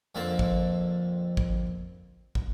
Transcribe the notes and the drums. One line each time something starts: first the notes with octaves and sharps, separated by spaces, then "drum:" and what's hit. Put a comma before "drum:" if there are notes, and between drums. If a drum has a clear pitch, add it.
F2 D3 A#3 C4 A5
drum: kick
drum: kick
drum: kick